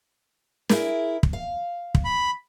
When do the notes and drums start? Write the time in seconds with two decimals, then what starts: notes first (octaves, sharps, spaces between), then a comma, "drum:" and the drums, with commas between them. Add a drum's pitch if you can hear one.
0.69 E4 G#4 A#4, drum: snare
1.23 drum: kick
1.33 F5
1.95 drum: kick
2.05 B5